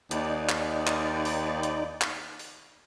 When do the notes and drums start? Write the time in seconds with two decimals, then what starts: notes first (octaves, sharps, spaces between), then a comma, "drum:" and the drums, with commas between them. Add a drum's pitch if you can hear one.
0.11 D#2 D#4 D5, drum: hi-hat
0.49 drum: clap
0.87 drum: clap
1.25 drum: open hi-hat
1.63 drum: hi-hat
2.01 drum: clap
2.39 drum: open hi-hat